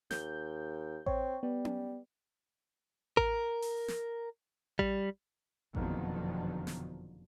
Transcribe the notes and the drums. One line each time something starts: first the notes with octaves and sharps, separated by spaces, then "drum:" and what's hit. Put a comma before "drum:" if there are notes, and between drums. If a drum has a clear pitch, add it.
D#2 G6, drum: snare
C4 C#5, drum: kick A1
G3 B3
drum: tom C#4
A#4, drum: kick A1
drum: open hi-hat
drum: snare
G3, drum: kick A1
F#1 F2 B2 D3 D#3 F3, drum: kick A1
drum: snare